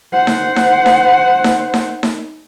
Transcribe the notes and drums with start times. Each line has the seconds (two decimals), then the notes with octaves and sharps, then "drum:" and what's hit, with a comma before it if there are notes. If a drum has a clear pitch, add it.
0.12 C5 F#5
0.27 drum: snare D#4
0.56 drum: snare D#4
0.86 drum: snare D#4
1.44 drum: snare D#4
1.74 drum: snare D#4
2.03 drum: snare D#4